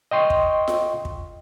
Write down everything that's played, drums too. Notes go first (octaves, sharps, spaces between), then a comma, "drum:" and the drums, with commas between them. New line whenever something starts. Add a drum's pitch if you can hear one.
D#5 G5 C6 C#6
drum: kick
drum: snare F4
drum: kick